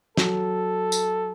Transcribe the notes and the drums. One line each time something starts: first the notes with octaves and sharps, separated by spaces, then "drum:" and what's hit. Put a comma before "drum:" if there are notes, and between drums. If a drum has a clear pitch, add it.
F#3 A4, drum: snare
drum: tambourine